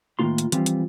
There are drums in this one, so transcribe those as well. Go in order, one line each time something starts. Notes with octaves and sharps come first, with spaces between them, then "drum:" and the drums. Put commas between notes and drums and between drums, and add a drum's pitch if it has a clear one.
A2 D#3 F3 A#3 F4 C6
drum: hi-hat
E3 F3 G3 C4 F4, drum: hi-hat
drum: hi-hat